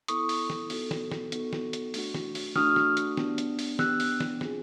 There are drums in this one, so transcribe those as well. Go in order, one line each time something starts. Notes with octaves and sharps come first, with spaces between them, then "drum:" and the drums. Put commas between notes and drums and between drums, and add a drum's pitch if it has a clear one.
B3 E4 A4 C#6 D#6, drum: hi-hat
drum: open hi-hat
drum: snare
B3 D#4 F#4 A4, drum: open hi-hat
drum: snare
drum: snare
B3 D#4 F#4 A4, drum: hi-hat
drum: snare
drum: hi-hat
A3 D4 F#4, drum: open hi-hat
drum: snare
drum: open hi-hat
A3 D4 F#4 D#6 F6, drum: snare
drum: snare
drum: hi-hat
B3 D4 G4, drum: snare
drum: hi-hat
drum: open hi-hat
B3 D4 G4 E6 F#6, drum: snare
drum: open hi-hat
drum: snare
C4 F4 G#4, drum: snare